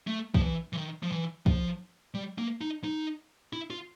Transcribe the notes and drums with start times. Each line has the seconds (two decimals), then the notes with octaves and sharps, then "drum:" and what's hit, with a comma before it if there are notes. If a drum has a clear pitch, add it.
0.07 A3
0.34 F3, drum: kick
0.42 E3
0.73 E3
0.77 D#3
1.03 F3
1.12 E3
1.46 F3, drum: kick
2.14 G3
2.38 A#3
2.61 D#4
2.84 D#4
3.53 E4
3.70 F4